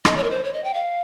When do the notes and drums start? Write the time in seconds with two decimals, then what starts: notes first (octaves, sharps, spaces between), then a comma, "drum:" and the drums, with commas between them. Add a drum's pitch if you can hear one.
0.05 D#5, drum: rim click
0.17 C#5
0.24 A#4
0.30 C5
0.44 C#5
0.53 D#5
0.64 G5
0.74 F5